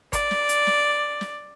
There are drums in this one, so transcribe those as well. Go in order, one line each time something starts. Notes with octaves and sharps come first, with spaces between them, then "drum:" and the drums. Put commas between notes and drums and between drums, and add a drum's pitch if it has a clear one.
D5, drum: kick, hi-hat
drum: snare
drum: hi-hat
drum: snare
drum: snare